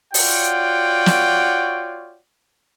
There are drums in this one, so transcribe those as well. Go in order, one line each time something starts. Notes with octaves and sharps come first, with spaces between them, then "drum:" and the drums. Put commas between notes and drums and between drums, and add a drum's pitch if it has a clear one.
F4 F#4 C#5 D5 F#5 G5, drum: open hi-hat
drum: snare